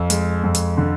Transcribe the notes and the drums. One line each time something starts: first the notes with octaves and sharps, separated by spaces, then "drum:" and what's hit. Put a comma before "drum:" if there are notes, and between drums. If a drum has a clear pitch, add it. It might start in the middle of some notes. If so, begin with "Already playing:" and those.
Already playing: F2
G#3, drum: hi-hat
F2
drum: hi-hat
D3